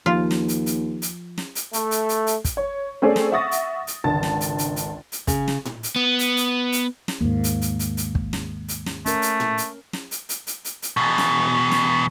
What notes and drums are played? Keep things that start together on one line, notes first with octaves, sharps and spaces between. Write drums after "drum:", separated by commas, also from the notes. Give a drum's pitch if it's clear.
D#2 F3 F4
drum: snare
drum: hi-hat
drum: hi-hat
drum: hi-hat
drum: snare
drum: hi-hat
A3, drum: hi-hat
drum: hi-hat
drum: hi-hat
drum: hi-hat
drum: kick, hi-hat
C#5
A3 C4 C#4 G#4 A4 D5
drum: snare
E5 F#5 C#6 D#6 A6 A#6
drum: hi-hat
drum: hi-hat
G#1 C#2 D3 A5 A6
drum: snare
drum: hi-hat
drum: hi-hat
drum: hi-hat
drum: hi-hat
C#3, drum: kick, hi-hat
drum: snare
drum: tom A2
drum: hi-hat
B3
drum: hi-hat
drum: hi-hat
drum: hi-hat
drum: snare
D#2 G#2 A#3
drum: hi-hat
drum: hi-hat
drum: hi-hat
drum: hi-hat
drum: kick
drum: snare
drum: hi-hat
drum: snare
A3 C#4 A#4, drum: hi-hat
drum: hi-hat
drum: tom A2
drum: hi-hat
drum: snare
drum: hi-hat
drum: hi-hat
drum: hi-hat
drum: hi-hat
drum: hi-hat
E2 B2
drum: snare
drum: snare